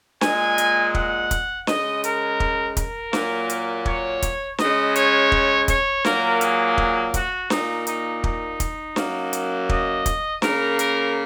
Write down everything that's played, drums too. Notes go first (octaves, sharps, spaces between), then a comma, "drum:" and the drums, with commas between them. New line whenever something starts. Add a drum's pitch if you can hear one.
A#2 G#3 G#5, drum: snare
drum: hi-hat
F#5, drum: kick
drum: kick, hi-hat
C#3 G#3 D#5, drum: snare
A#4, drum: hi-hat
drum: kick
A#4, drum: kick, hi-hat
A#2 F#3 A#3, drum: snare
drum: hi-hat
C#5, drum: kick
drum: kick, hi-hat
C#3 G#3 D#5, drum: snare
C#5, drum: hi-hat
drum: kick
C#5, drum: kick, hi-hat
A#2 F#3 A#3 A#4, drum: snare
G#4, drum: hi-hat
drum: kick
F#4, drum: kick, hi-hat
A#2 A#3 D#4, drum: snare
D#4, drum: hi-hat
D#4, drum: kick
drum: kick, hi-hat
F#2 F#3 A#3, drum: snare
drum: hi-hat
D#5, drum: kick
drum: kick, hi-hat
C#3 A#3 A#4, drum: snare
A#4, drum: hi-hat